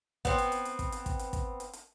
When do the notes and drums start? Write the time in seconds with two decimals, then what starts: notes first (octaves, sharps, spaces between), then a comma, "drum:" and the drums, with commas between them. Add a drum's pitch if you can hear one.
0.25 B3 C4, drum: kick, hi-hat
0.38 drum: hi-hat
0.52 drum: hi-hat
0.65 drum: hi-hat
0.79 drum: kick, hi-hat
0.92 drum: hi-hat
1.06 drum: kick, hi-hat
1.19 drum: hi-hat
1.33 drum: kick, hi-hat
1.60 drum: hi-hat
1.73 drum: hi-hat